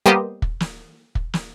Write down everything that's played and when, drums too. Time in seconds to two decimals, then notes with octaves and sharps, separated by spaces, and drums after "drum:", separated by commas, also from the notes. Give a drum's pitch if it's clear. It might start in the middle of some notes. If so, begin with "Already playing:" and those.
0.06 G3 A#3 B3 G4 C5 D#5
0.42 drum: kick
0.60 drum: snare
1.15 drum: kick
1.34 drum: snare